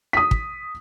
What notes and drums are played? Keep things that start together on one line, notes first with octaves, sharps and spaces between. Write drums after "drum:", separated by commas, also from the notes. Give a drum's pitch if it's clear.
D#6 B6
drum: kick